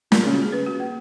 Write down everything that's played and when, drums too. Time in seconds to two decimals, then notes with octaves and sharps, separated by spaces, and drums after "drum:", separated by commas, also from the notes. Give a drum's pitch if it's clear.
0.12 A#2 A#4, drum: snare
0.22 C#3 G#4
0.32 F#4
0.42 G#4
0.52 B4
0.67 F#4
0.80 A#3